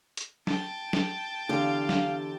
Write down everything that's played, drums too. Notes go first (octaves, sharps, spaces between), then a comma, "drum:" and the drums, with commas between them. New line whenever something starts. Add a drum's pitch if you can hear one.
drum: hi-hat
G5 A5, drum: snare
drum: snare
E2 D3 G4 F5
drum: snare